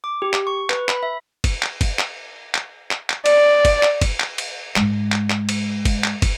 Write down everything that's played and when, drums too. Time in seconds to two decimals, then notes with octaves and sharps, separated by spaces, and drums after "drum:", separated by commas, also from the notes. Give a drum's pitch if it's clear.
0.04 D6
0.22 G4
0.34 drum: clap
0.47 C#6
0.70 B4, drum: clap
0.89 B5, drum: clap
1.03 E5
1.44 drum: kick, cymbal
1.62 drum: clap
1.81 drum: kick, cymbal
1.99 drum: clap
2.54 drum: clap
2.91 drum: clap
3.10 drum: clap
3.26 D5, drum: cymbal
3.65 drum: kick, cymbal
3.83 drum: clap
4.01 drum: kick, cymbal
4.20 drum: clap
4.38 drum: cymbal
4.76 G#2 G#3, drum: clap
5.12 drum: clap
5.30 drum: clap
5.49 drum: cymbal
5.85 drum: kick, cymbal
6.04 drum: clap
6.22 drum: kick, cymbal